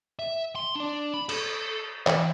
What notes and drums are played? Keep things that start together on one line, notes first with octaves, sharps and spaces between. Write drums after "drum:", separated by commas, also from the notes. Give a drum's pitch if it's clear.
E5
C6
D4 D5
B5
A4, drum: cymbal
E3, drum: clap